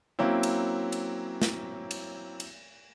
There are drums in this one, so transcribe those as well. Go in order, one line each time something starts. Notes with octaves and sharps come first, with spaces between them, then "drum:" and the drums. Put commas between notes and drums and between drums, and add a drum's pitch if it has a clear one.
F#3 A#3 C4 C#4 E4
drum: cymbal
drum: cymbal
drum: snare
drum: cymbal
drum: cymbal